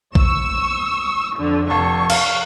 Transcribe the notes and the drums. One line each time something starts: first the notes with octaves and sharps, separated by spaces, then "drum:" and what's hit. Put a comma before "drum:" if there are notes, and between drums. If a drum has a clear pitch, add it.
C#6 E6, drum: kick A#1
F2 D3
F1 A5 C#6
F5, drum: cymbal